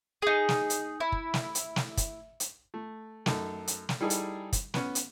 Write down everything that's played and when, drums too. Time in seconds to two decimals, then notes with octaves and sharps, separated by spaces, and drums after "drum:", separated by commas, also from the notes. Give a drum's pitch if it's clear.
0.22 D#4 G#4
0.49 drum: snare
0.70 drum: hi-hat
1.00 E4
1.12 drum: kick
1.34 drum: snare
1.55 drum: hi-hat
1.76 drum: snare
1.97 drum: kick, hi-hat
2.40 drum: hi-hat
2.74 A3
3.26 F#2 A3 D#4 A4, drum: snare
3.67 drum: hi-hat
3.89 drum: snare
4.01 G3 D#4 E4 G#4 A4
4.10 drum: hi-hat
4.53 drum: kick, hi-hat
4.74 B3 C#4, drum: snare
4.95 drum: hi-hat